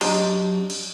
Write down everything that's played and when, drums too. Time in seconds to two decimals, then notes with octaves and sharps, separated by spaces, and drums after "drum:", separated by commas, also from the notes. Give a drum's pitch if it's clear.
0.01 F#2 D4 G4 D#5 A#5 C6, drum: cymbal
0.70 drum: cymbal